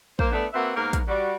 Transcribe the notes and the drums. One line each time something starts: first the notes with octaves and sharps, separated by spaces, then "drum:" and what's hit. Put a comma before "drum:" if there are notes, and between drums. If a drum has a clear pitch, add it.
A#3 C5, drum: kick
A3 B3 D4
A#3 C4 F#4 B4 E5 F#5
G#2 A#3 B3 A#4
drum: kick, hi-hat
G3 F#4 D5